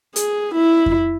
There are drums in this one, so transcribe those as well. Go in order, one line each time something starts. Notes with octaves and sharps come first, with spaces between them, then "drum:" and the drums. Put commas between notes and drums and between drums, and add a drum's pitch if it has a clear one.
G#4, drum: hi-hat
E4
drum: kick F2